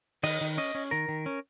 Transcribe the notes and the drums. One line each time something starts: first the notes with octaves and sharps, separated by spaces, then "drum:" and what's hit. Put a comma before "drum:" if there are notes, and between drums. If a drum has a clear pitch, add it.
D#3 D#5, drum: open hi-hat
D#3
C#4 D#5
C#4
D#3 A#4
D#3
C#4